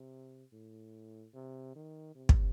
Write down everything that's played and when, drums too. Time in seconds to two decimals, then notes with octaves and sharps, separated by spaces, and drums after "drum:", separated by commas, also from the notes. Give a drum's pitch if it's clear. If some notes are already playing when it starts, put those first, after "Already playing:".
Already playing: C3
0.53 A2
1.34 C3
1.76 D#3
2.15 C3
2.29 drum: kick